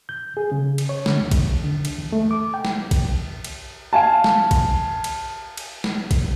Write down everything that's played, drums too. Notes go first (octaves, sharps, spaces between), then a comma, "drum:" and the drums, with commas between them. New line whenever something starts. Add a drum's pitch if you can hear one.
G6
G#4
C#3
drum: cymbal
C#5
D3, drum: snare
D2
drum: kick A#1, cymbal
D3
drum: cymbal
E2
A3
D6
G5
drum: snare
drum: kick A#1, cymbal
drum: cymbal
F5 G#5 A5
drum: snare
drum: kick A#1, cymbal
drum: cymbal
drum: cymbal
drum: snare
drum: kick A#1, cymbal